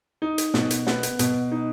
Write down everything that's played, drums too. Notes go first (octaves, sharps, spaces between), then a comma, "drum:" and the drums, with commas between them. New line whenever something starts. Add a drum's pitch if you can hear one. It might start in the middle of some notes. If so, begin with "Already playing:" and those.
D#4
drum: hi-hat
B2, drum: snare
drum: hi-hat
B3, drum: snare
drum: hi-hat
B2, drum: hi-hat
D#4